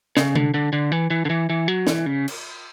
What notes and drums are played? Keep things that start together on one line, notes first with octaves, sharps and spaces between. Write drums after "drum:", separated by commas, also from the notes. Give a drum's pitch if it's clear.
C#3, drum: snare
D3, drum: tom C3
D3
D3
E3
E3
D3
E3
E3
F#3
E3, drum: snare
C#3
drum: cymbal